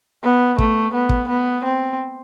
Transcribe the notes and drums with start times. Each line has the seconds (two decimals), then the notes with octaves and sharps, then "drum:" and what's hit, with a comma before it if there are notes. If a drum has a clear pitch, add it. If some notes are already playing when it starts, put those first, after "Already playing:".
0.24 B3
0.58 A3, drum: kick
0.94 B3
1.09 drum: kick
1.28 B3
1.64 C4